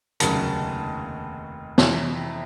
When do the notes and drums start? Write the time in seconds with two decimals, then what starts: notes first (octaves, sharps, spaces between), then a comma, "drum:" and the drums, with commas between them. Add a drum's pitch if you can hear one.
0.20 F1 D#2 C#3 F#3 A#3 A5, drum: hi-hat
1.78 F2 C3 E3, drum: snare